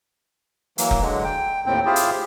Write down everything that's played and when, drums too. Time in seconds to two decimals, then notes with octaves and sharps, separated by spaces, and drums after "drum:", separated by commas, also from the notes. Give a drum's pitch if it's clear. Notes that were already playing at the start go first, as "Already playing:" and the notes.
0.78 E3 F#3 A#3, drum: hi-hat
0.91 drum: kick
1.01 D3 F#3 G#3
1.24 G5
1.66 D#2 A2 C4 G5
1.86 E4 F4 G4 G#4 C5
1.96 drum: hi-hat